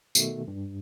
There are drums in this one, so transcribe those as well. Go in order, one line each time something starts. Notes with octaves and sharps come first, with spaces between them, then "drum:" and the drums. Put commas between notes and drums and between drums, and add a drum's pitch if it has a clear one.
B2 D#3 A3, drum: tambourine
G2